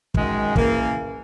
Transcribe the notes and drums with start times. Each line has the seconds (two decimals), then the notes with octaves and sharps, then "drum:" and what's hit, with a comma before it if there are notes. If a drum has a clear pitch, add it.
0.14 F#2 D#3 G#3, drum: kick
0.56 C#3 E3 A#3, drum: kick